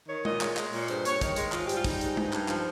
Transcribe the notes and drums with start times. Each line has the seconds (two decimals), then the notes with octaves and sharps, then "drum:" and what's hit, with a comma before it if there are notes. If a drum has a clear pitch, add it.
0.08 D#3 C#5
0.25 A#2 D#5, drum: tom G#3
0.41 G#3 C#5, drum: clap
0.57 G#3, drum: clap
0.73 A#2, drum: open hi-hat
0.88 G2 C5, drum: hi-hat
1.05 G2 C#5, drum: hi-hat
1.21 D#3 C#5, drum: kick, hi-hat
1.36 G#3, drum: hi-hat
1.52 G#2 F4, drum: clap
1.64 G4
1.69 G3, drum: hi-hat
1.75 F4
1.84 G3 D#4, drum: kick, open hi-hat
2.01 G#2, drum: hi-hat
2.17 G2, drum: tom G#3
2.33 G2, drum: clap
2.48 F3, drum: clap